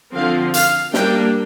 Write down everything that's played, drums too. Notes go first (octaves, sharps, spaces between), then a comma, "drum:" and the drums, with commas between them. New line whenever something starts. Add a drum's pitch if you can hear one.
D3 F3 C4 F5
F5, drum: hi-hat
G3 A#3 D4 G5, drum: snare